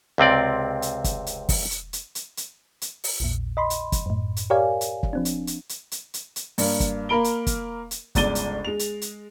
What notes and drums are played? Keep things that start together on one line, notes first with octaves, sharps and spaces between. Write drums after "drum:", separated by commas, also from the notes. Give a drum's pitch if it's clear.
C#2 C3 C4 D5
drum: hi-hat
drum: kick, hi-hat
drum: hi-hat
drum: kick, open hi-hat
drum: hi-hat
drum: hi-hat
drum: hi-hat
drum: hi-hat
drum: hi-hat
drum: open hi-hat
A#1 E2 A#2
D#5 B5 C6
drum: hi-hat
drum: kick, hi-hat
F#2 A2
drum: hi-hat
G4 A#4 C#5 D5 F5 G#5
drum: hi-hat
drum: kick
F3 C4 D4
drum: hi-hat
drum: hi-hat
drum: hi-hat
drum: hi-hat
drum: hi-hat
drum: hi-hat
G2 A#3, drum: open hi-hat
drum: kick, hi-hat
A#3 A#4 B5 D7 G7
drum: hi-hat
drum: kick, hi-hat
drum: hi-hat
G1 C#2 D5 A6 D#7 G7, drum: kick, hi-hat
drum: hi-hat
G#3 F7
drum: hi-hat
drum: hi-hat